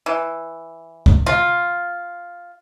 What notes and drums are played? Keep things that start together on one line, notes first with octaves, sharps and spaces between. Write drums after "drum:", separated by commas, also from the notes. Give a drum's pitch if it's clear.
E3
drum: kick
F4, drum: tom